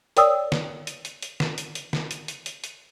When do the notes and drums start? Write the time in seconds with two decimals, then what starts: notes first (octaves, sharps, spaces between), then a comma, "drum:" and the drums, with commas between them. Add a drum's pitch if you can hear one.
0.17 A#4 C#5 D5 G5 D#6 E6, drum: hi-hat
0.52 drum: snare
0.87 drum: hi-hat
1.05 drum: hi-hat
1.22 drum: hi-hat
1.40 drum: snare
1.58 drum: hi-hat
1.75 drum: hi-hat
1.93 drum: snare
2.11 drum: hi-hat
2.28 drum: hi-hat
2.46 drum: hi-hat
2.64 drum: hi-hat